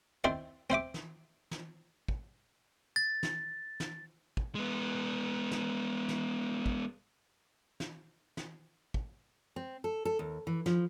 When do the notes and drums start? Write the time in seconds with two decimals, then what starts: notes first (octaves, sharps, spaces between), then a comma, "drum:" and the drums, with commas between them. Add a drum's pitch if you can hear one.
0.24 D#3 C4 E4 C5 D5
0.70 C4 C5 E5 D6
0.94 drum: snare
1.51 drum: snare
2.08 drum: kick
2.96 A6
3.23 drum: snare
3.80 drum: snare
4.37 drum: kick
4.55 G#3 B3
5.51 drum: snare
6.09 drum: snare
6.66 drum: kick
7.80 drum: snare
8.37 drum: snare
8.94 drum: kick
9.56 C4
9.84 A4
10.05 A4
10.19 D#2
10.47 E3
10.66 F3, drum: snare